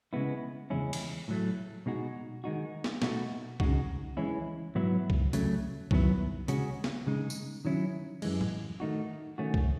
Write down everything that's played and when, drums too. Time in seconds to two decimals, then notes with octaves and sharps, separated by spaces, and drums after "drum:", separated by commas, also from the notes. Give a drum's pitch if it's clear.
0.13 C#3 G#3 B3 E4
0.70 E2 C#3 G#3 C#4 E4
0.93 drum: cymbal
1.28 A2 F#3 A3
1.86 B2 G#3 D#4 F#4
2.44 D#3 G#3 D#4 F#4
2.84 drum: snare
3.02 B2 A3 D#4 F#4, drum: snare
3.60 C#3 G#3 D#4 F#4, drum: kick C2
4.17 E3 G#3 C#4 E4
4.75 G#2 F#3 B3 E4
5.10 drum: kick C2
5.33 C#3 F#3 A3, drum: hi-hat
5.91 F#2 D#3 F#3 B3 E4, drum: kick C2
6.48 C#3 G#3 C#4 F#4, drum: hi-hat
6.84 drum: snare
7.07 C#3 G#3 D#4
7.30 drum: tambourine
7.65 D#3 F#3 C#4 E4
8.22 F#2 E3 G#3, drum: cymbal
8.41 drum: tom A2
8.80 D#3 A3 D#4 F#4
9.38 D#3 A3 C#4 F#4
9.54 drum: kick C2